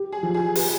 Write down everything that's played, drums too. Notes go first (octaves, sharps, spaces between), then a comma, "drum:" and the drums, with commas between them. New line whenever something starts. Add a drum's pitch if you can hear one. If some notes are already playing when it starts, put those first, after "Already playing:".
Already playing: G4
G#4
F3
G#4
G4 B4, drum: open hi-hat